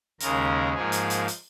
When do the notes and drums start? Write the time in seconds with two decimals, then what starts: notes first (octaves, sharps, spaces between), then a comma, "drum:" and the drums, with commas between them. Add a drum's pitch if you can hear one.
0.20 D#2 C#3 G#3 A#4, drum: hi-hat
0.74 G#2 F3 A#3 G#4
0.92 drum: hi-hat
1.10 drum: hi-hat
1.28 drum: hi-hat